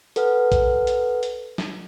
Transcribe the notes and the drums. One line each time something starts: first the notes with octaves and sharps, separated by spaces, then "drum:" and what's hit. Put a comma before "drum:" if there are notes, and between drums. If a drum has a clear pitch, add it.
A4 B4 F#5 F6, drum: hi-hat
drum: kick A#1, hi-hat
drum: hi-hat
drum: hi-hat
drum: snare